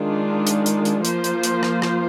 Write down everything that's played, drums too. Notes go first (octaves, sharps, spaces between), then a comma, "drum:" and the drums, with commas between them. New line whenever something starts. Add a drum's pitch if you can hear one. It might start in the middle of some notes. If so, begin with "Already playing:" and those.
Already playing: D#3 G#3 D4 F4
drum: hi-hat
drum: hi-hat
drum: hi-hat
F3 A#3 F4 C5, drum: hi-hat
drum: hi-hat
drum: hi-hat
drum: rim click
drum: rim click